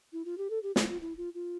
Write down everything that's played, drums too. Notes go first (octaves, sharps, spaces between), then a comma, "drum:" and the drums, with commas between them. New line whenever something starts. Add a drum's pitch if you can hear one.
E4
F4
G4
A4
G4
E4, drum: snare
F4
E4
F4
F4